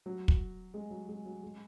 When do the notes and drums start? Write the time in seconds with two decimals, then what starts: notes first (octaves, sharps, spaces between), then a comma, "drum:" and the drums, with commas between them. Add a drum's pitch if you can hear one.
0.06 F#3
0.28 drum: kick
0.74 G#3
0.90 F#3
1.09 G#3
1.25 F#3
1.43 G#3